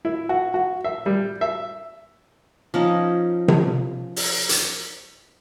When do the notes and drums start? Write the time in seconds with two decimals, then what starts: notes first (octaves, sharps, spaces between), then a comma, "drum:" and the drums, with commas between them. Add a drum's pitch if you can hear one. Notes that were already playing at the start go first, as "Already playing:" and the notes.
0.05 E4
0.29 F#4
0.54 F#4
0.84 E5
1.06 G3
1.41 E5
2.74 F3 C#4 D#4
3.48 drum: tom C3
4.16 drum: open hi-hat
4.49 drum: hi-hat